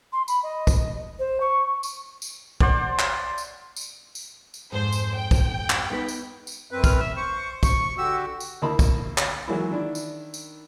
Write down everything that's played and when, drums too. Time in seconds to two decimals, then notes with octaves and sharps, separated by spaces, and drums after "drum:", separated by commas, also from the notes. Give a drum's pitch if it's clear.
0.12 C6
0.28 B5, drum: tambourine
0.43 D#5
0.67 drum: kick, tambourine
1.19 C5
1.40 C#6
1.83 drum: tambourine
2.22 drum: tambourine
2.60 C5 D5 F#5, drum: kick
2.99 drum: clap
3.38 drum: tambourine
3.76 drum: tambourine
4.15 drum: tambourine
4.54 drum: tambourine
4.72 F2 G#2 C5
4.92 drum: tambourine
5.16 G5
5.31 drum: kick, tambourine
5.70 drum: clap
5.90 B3 D#4 B4
6.08 drum: tambourine
6.47 drum: tambourine
6.71 F#2 C4 B4
6.84 F6, drum: kick, tambourine
6.99 E5
7.16 C5 C#6
7.63 C#6, drum: kick, tambourine
7.98 D3 F#4 G4 E6
8.40 drum: tambourine
8.62 D2 A#3 E4 D#5 A5 B5
8.79 drum: kick, tambourine
9.18 drum: clap
9.48 E3 F#3 G#3 A#3 E4
9.71 D#3 D4 E4
9.95 drum: tambourine
10.34 drum: tambourine